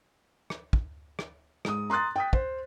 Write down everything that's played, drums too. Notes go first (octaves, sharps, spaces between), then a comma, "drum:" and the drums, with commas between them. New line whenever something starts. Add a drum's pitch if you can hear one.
drum: rim click
drum: kick
drum: rim click
G#2 D#6, drum: rim click
A#5 C6 D#6 F#6 A6
G5 D#6 B6
C5, drum: kick